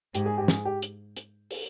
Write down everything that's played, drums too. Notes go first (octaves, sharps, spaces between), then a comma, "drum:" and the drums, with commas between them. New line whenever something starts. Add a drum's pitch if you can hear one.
G#2 G4, drum: hi-hat
G#4
G4
G#4, drum: snare
G4
drum: hi-hat
drum: hi-hat
drum: open hi-hat